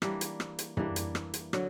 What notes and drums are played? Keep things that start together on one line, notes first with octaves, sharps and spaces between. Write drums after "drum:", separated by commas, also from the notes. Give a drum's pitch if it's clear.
E3 G3 A#3 D4, drum: rim click
drum: hi-hat
drum: rim click
drum: hi-hat
E3 G3 A#3 D4, drum: tom
drum: hi-hat
drum: rim click
drum: hi-hat
D3 F#3, drum: rim click